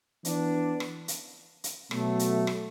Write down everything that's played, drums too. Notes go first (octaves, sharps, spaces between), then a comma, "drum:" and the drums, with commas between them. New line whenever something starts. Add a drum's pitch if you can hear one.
E3 B3 D4, drum: hi-hat
drum: rim click
drum: hi-hat
drum: hi-hat
B2 F#3 A3, drum: rim click
drum: hi-hat
drum: rim click